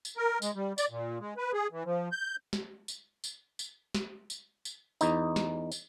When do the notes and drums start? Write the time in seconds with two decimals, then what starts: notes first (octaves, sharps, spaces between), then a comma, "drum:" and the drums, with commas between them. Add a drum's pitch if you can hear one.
0.05 drum: tambourine
0.17 A#4
0.42 G#3, drum: tambourine
0.55 G3
0.78 D5, drum: tambourine
0.90 A#2
1.20 G#3
1.37 B4
1.53 G#4
1.72 E3
1.85 F3
2.12 G6
2.53 drum: snare
2.88 drum: tambourine
3.24 drum: tambourine
3.59 drum: tambourine
3.94 drum: snare
4.30 drum: tambourine
4.65 drum: tambourine
5.01 E2 D#4, drum: tambourine
5.36 drum: snare
5.72 drum: tambourine